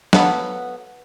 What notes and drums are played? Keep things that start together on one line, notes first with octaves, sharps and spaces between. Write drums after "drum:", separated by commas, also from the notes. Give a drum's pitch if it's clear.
F#3 B3 A4 F5 F#5, drum: snare